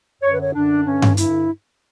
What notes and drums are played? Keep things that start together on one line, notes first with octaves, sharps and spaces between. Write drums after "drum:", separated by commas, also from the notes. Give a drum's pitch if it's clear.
F#2 D3 C#5
B4
C#5
F#2 D3 D4
G2 D3 C#4
drum: tom G2
G2 D3 E4, drum: hi-hat